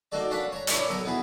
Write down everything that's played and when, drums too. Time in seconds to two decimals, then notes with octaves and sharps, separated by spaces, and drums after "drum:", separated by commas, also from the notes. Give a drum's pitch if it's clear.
0.12 A#3 D#4 F#4 A4 D5
0.31 C#4 D4 F5 F#5 A5 B5
0.52 C#5 A#5
0.67 C#4 D4 E4 A#4 C#5 D5, drum: hi-hat
0.89 B1 A4 G#5 A#5
1.04 B2 B3 E4 G#4